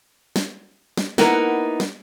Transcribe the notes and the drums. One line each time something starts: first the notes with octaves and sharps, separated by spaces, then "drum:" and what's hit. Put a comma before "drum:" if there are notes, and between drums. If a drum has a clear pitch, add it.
drum: snare
drum: snare
A#3 B3 D#4 E4 A#4 F#5, drum: snare
drum: snare